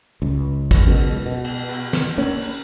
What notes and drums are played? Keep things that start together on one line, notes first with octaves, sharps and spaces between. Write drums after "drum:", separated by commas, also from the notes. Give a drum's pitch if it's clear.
C#2
drum: kick, cymbal
C#2 F#2 B2
B2
drum: cymbal
drum: cymbal
drum: snare
A#3 C#4, drum: cymbal
drum: cymbal